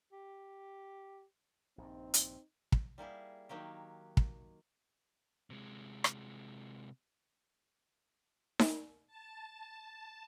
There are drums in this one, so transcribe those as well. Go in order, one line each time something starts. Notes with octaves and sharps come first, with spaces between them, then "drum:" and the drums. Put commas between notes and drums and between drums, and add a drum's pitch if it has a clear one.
G4
A#1 G2 C4 D#4
drum: hi-hat
drum: kick
G3 A#3 E4 G#4
D#3 F#3 A#3 G4
drum: kick
C3 G#3
drum: rim click
drum: snare D#4
A5